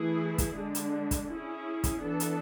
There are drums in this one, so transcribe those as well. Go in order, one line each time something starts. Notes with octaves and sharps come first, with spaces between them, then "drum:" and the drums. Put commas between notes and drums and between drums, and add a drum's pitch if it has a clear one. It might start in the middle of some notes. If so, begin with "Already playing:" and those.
Already playing: E3 A3 E4 G#4
drum: kick, hi-hat
D3 G#3 D4
drum: hi-hat
drum: kick, hi-hat
C#4 E4 G#4
drum: kick, hi-hat
E3 B3 D4 A4
drum: hi-hat